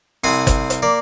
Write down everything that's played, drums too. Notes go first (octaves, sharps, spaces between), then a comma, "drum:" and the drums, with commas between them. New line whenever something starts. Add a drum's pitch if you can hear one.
C2 C4 C5 F#5 G#5
drum: kick G1, hi-hat
drum: hi-hat
A#3 D5